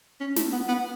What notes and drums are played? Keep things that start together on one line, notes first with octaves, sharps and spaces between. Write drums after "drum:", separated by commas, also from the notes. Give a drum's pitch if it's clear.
C#4
A3, drum: snare
B3
B3